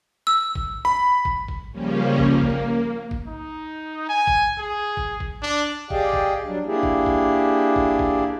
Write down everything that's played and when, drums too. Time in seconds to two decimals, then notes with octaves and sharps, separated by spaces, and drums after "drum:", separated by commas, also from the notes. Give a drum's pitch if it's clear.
0.27 E6
0.55 drum: kick
0.85 B5
1.25 drum: kick
1.48 drum: kick
1.72 C#3 F3 G3 A#3 C#4
2.18 drum: kick
2.30 A#3
2.41 drum: kick
3.11 drum: kick
3.27 D#4
4.09 G#5
4.27 drum: kick
4.58 G#4
4.97 drum: kick
5.20 drum: kick
5.42 D4
5.90 G4 G#4 D5 D#5 F5 G5, drum: kick
6.13 drum: kick
6.44 F#3 G3 D4
6.65 A#3 D4 E4 G4 G#4
6.83 drum: kick
7.06 drum: kick
7.76 drum: kick
7.99 drum: kick